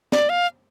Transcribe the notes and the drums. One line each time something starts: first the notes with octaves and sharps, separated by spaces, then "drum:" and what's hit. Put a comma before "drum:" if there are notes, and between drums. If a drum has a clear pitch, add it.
D5, drum: snare
F5